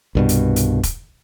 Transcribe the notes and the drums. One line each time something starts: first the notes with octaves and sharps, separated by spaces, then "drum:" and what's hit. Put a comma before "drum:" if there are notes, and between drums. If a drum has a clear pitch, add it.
C2 G2 B2
drum: hi-hat
drum: hi-hat
drum: kick E1, hi-hat